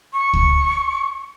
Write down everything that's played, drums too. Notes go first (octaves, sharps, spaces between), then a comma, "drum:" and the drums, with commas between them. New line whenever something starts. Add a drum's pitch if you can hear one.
C#6
drum: kick